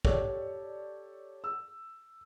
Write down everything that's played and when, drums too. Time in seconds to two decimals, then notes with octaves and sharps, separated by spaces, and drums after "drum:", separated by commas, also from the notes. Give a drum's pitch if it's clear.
0.05 G4 A4 C#5 D5 C#6, drum: kick
1.44 E6